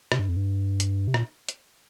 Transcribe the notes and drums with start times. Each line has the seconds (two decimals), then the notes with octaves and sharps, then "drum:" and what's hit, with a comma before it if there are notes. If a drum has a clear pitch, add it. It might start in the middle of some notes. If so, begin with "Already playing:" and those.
0.12 C3, drum: rim click
0.19 G2
0.29 F2
0.36 G2
0.80 drum: hi-hat
1.08 C3
1.14 A#2, drum: rim click
1.49 drum: hi-hat